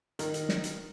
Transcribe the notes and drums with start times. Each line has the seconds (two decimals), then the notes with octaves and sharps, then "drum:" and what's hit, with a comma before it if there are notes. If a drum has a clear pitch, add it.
0.19 D#3, drum: hi-hat
0.34 drum: hi-hat
0.49 drum: snare
0.64 drum: hi-hat